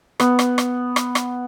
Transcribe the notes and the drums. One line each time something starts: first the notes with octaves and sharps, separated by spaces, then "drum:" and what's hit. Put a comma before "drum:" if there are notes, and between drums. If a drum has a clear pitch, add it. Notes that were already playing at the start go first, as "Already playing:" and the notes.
B3, drum: rim click
drum: rim click
drum: rim click
drum: rim click
drum: rim click